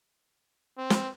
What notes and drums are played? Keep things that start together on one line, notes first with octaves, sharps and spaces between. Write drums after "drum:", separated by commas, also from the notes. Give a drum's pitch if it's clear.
C4
drum: snare